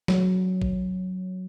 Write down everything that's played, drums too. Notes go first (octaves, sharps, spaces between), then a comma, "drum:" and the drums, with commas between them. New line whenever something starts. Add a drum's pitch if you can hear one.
F#3, drum: snare
drum: kick